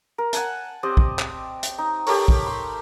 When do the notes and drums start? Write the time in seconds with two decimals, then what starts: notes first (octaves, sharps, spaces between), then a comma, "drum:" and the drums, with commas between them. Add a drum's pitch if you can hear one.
0.18 A#4
0.33 F#5 G#5 A5, drum: hi-hat
0.83 C4 G4 D5 D#5
0.97 drum: kick
1.19 drum: clap
1.63 drum: hi-hat
1.78 D#4
2.06 G4 A4 A#4 C#5, drum: open hi-hat
2.28 drum: kick
2.47 C6